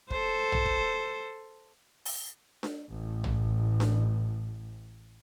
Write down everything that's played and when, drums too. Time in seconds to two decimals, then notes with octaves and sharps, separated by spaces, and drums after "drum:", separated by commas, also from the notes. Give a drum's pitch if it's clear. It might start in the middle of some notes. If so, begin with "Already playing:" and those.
0.11 A4 C5, drum: kick
0.52 drum: tom
0.66 drum: kick
2.05 drum: open hi-hat
2.63 drum: snare D4
2.89 A1 A2
3.24 drum: tom
3.80 drum: snare D4